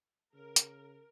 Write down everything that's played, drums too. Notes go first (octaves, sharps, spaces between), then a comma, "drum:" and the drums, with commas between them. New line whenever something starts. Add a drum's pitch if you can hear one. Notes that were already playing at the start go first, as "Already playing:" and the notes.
C#3 A#4
drum: hi-hat